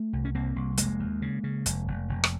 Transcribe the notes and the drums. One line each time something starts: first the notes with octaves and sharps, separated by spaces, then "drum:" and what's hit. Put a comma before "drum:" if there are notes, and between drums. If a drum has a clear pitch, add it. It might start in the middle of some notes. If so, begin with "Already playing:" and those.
Already playing: A3
C2
C#4
C2 A#3 C4
C2
F1 G#3 A#3, drum: hi-hat
D#2
C#3
C#3
F1, drum: hi-hat
F1
F1
drum: rim click